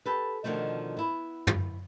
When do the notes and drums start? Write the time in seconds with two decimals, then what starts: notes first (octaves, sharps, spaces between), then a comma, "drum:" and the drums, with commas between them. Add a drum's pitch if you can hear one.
0.06 G4 A4 B4
0.44 B2 D3 D#3 F3 A3
0.97 B3 E4
1.47 drum: tom